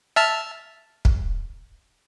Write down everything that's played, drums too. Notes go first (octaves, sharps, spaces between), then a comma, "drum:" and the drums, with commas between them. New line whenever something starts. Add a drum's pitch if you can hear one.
E5 A5 F6
drum: kick